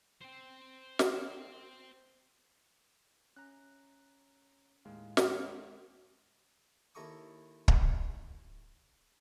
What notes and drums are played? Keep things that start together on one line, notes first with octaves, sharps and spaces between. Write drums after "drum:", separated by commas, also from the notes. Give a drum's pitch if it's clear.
C5 G5
drum: snare
C#4 A#5 F#6
D#2 A2 G#3 F5
drum: snare
C#6
D#2 E4 A4 A#5 C#6 D#6
drum: kick